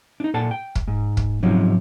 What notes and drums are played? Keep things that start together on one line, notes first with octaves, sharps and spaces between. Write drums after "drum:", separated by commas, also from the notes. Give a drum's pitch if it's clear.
D4 D#4
A#2 A4 F#5 A5
G5
drum: kick
G#2
drum: kick
G#2 C3 F3 F#3 C#4 D#4